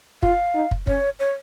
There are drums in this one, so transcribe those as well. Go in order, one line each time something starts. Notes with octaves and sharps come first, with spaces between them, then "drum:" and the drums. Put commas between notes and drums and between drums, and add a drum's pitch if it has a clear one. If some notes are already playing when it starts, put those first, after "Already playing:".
F4 F5, drum: kick
D#4
drum: kick
C#4 C#5, drum: kick
C#5